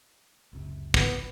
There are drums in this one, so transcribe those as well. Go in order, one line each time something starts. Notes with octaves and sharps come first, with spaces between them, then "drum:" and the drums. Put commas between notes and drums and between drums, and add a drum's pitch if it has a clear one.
F#1 C#2 C3
B3, drum: kick